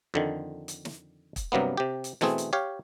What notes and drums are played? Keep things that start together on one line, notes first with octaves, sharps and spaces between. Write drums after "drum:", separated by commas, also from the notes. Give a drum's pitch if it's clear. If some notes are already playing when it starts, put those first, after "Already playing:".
F2 D3 D#3
drum: hi-hat
drum: snare
drum: kick, hi-hat
G2 C3 F#3 A#3 B3
C3 G4
drum: hi-hat
B2 E3 A3 C4 G#4, drum: snare
drum: hi-hat
G4 C#5 F5